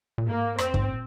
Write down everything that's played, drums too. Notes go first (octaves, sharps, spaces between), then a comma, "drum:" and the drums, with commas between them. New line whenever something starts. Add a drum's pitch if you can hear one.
A#2
G#2 A#3
F2 C4, drum: rim click
G#2, drum: kick
A#2